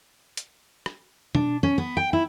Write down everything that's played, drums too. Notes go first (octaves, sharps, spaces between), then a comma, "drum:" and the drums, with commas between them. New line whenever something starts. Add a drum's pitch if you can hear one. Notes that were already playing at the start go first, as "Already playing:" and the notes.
drum: hi-hat
drum: rim click
D4, drum: tom B2
C#4
B3
G5
E4